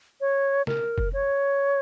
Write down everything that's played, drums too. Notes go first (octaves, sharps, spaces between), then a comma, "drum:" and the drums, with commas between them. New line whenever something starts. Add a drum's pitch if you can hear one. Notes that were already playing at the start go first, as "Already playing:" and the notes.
C#5
A#4, drum: snare
drum: kick F1
C#5